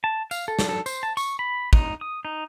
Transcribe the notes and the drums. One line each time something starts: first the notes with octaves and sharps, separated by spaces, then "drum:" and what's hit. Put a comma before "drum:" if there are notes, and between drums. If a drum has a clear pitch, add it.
A5
F5, drum: tambourine
A4
drum: snare
A4
C5, drum: tambourine
A5
C#6, drum: tambourine
B5
D#4, drum: kick
D#6
D#4